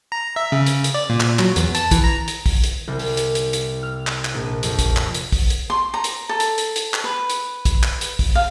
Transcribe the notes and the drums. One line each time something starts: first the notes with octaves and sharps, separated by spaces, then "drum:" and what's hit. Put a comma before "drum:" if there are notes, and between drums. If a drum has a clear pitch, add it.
A#5
E5
C#3
drum: hi-hat
drum: hi-hat
D5
A#2
drum: clap
F#3, drum: clap
E2, drum: hi-hat
A5, drum: hi-hat
E3, drum: kick, hi-hat
A#5
drum: hi-hat
drum: kick, open hi-hat
drum: hi-hat
C2
drum: open hi-hat
drum: hi-hat
drum: hi-hat
drum: hi-hat
F6
drum: clap
drum: clap
A#1
F2, drum: hi-hat
drum: kick, hi-hat
drum: clap
drum: hi-hat
drum: kick, open hi-hat
drum: hi-hat
C6
A#5
drum: hi-hat
A4
drum: hi-hat
drum: hi-hat
drum: hi-hat
drum: clap
B4
drum: hi-hat
drum: kick, hi-hat
drum: clap
drum: hi-hat
drum: kick, open hi-hat
F5